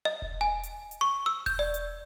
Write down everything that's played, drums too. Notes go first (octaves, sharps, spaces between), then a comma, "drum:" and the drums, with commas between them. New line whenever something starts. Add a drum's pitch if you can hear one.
D#5
drum: kick E1
G#5
drum: hi-hat
drum: hi-hat
C#6
E6
G6, drum: kick E1, open hi-hat
D5
drum: hi-hat